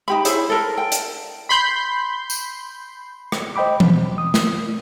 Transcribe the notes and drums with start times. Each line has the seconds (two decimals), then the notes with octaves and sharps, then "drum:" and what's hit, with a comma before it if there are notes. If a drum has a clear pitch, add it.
0.08 D#4 G4 B5
0.25 E4 G#4 C5 C#5, drum: hi-hat
0.50 A4 A#4
0.77 G5
0.92 drum: hi-hat
1.49 B5 C6 G6
2.30 drum: tambourine
3.32 drum: rim click
3.56 C5 D#5 G5 B5 D6
3.80 B2, drum: tom E3
4.18 D#6
4.34 drum: snare